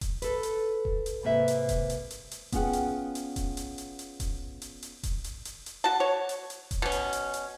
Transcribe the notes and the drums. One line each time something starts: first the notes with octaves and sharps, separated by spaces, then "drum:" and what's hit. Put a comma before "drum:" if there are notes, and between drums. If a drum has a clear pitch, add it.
drum: kick D#1, hi-hat
A4 B4, drum: hi-hat
drum: hi-hat
drum: kick D#1
drum: hi-hat
G#2 C3 A#3 B4 E5
drum: hi-hat
drum: kick D#1, hi-hat
drum: hi-hat
drum: hi-hat
drum: hi-hat
B3 C#4 F4 G#4 F#5 G5, drum: kick D#1, hi-hat
drum: hi-hat
drum: hi-hat
drum: kick D#1, hi-hat
drum: hi-hat
drum: hi-hat
drum: hi-hat
drum: kick D#1, hi-hat
drum: hi-hat
drum: hi-hat
drum: kick D#1, hi-hat
drum: hi-hat
drum: hi-hat
drum: hi-hat
F#4 A5
C#5
drum: hi-hat
drum: hi-hat
drum: kick D#1, hi-hat
B2 C#4
drum: hi-hat
drum: hi-hat
drum: hi-hat